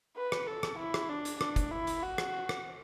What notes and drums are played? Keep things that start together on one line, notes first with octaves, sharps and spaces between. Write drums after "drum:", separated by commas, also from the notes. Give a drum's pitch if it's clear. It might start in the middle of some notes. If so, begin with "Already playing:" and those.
B4
drum: rim click
A4
drum: rim click
E4
drum: rim click
D4
drum: hi-hat
D4, drum: rim click
drum: kick, hi-hat
E4
drum: hi-hat
F#4
drum: rim click
drum: rim click